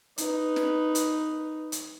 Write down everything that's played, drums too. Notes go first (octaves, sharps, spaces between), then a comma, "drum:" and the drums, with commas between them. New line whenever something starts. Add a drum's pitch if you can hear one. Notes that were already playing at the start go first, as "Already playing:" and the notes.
D#4 B4, drum: hi-hat
drum: snare
drum: hi-hat
drum: hi-hat